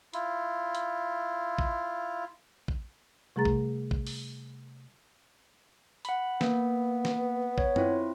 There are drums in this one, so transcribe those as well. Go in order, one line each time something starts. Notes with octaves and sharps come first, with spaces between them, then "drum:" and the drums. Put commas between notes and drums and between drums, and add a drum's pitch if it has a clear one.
E4 F4, drum: hi-hat
drum: hi-hat
drum: kick A#1
drum: kick A#1
C3 G3 A3 G#4 A#5 A6
drum: kick A#1
drum: kick A#1
drum: open hi-hat
F#5 B5, drum: hi-hat
A#3 B3, drum: snare
drum: snare
C#5, drum: kick A#1
C4 E4 F4, drum: tom F#2